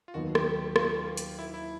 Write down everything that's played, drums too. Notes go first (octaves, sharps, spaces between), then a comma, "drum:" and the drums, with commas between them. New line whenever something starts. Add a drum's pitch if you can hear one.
F4
D#2 D#3 F#3 B3 F#4
G4, drum: rim click
F4, drum: rim click
drum: hi-hat
E4
E4